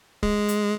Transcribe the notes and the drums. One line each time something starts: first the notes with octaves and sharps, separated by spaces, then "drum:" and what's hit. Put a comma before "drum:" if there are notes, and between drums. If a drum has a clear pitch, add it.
G#3, drum: kick C#1
drum: hi-hat